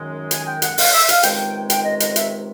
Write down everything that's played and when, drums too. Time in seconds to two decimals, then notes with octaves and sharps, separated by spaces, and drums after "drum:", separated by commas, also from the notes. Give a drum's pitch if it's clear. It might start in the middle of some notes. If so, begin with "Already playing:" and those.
Already playing: F#2 D#3 G#3
0.31 G#5, drum: hi-hat
0.47 G5
0.62 F#5, drum: hi-hat
0.78 F5, drum: open hi-hat
0.93 E5
1.09 F5, drum: hi-hat
1.23 C#2 C3 D#3 G#3 G5, drum: hi-hat
1.70 G5, drum: hi-hat
1.84 D#5
2.00 D#5, drum: hi-hat
2.16 E5, drum: hi-hat